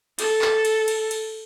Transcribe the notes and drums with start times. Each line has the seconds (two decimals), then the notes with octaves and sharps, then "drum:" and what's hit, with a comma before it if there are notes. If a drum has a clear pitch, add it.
0.19 A4, drum: cymbal
0.42 drum: clap
0.65 drum: cymbal
0.88 drum: cymbal
1.11 drum: cymbal